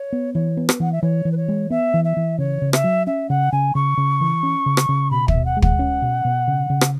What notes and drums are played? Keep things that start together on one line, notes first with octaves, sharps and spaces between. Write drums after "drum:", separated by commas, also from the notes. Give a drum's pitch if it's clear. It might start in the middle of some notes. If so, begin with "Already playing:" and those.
Already playing: C#5
B3
E3 C#5
B3
B4, drum: rim click
E3 F#5
E5
E3 C#5
E3
B4
C#5
G#3
B3 E5
E3
E5
E3
C#3 C#5
C#3
E5, drum: rim click
F#3
C#4 E5
C#3 F#5
C#3 G#5
C#3 C#6
C#3
E3
C#4
C#3
drum: rim click
C#3
B2 B5
E5, drum: kick
B2
F#5
G#3
F#5, drum: kick
C#4
B2
B2
C#3
C#3
drum: rim click